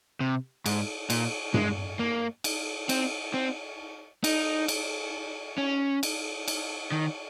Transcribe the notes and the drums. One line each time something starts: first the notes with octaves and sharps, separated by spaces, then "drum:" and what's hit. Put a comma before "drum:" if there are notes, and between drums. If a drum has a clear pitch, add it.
C3
G#2, drum: cymbal
A#2, drum: cymbal
G#3, drum: tom G2
A#3
drum: cymbal
C4, drum: cymbal
C4
D#4, drum: cymbal
drum: cymbal
C#4
drum: cymbal
drum: cymbal
D#3